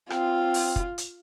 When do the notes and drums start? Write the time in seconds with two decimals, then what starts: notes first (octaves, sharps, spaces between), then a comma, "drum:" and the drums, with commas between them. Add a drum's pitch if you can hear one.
0.10 C4 F4, drum: rim click
0.54 drum: open hi-hat
0.76 drum: kick
0.98 drum: hi-hat